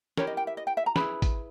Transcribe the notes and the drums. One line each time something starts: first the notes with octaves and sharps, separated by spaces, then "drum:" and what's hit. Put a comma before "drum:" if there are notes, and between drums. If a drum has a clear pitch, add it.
E4 G4 A#4 C#5, drum: snare
D#5
G5
E5
D#5
G5
E5
A#5
E4 G#4 B4 B5, drum: snare
drum: kick, hi-hat